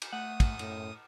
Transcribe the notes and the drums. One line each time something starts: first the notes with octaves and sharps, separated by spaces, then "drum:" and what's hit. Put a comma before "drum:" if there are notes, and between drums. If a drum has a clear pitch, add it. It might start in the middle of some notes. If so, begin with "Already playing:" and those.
drum: cymbal
A3 F#5 D#6
drum: kick, cymbal
F#2 A2, drum: cymbal